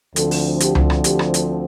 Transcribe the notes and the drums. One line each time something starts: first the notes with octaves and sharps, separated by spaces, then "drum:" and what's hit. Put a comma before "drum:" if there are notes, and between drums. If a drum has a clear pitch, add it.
D2 D3 F3 C4 A4, drum: hi-hat
drum: open hi-hat
G4, drum: hi-hat
drum: tom C#2
drum: rim click
G4, drum: hi-hat
drum: rim click
drum: hi-hat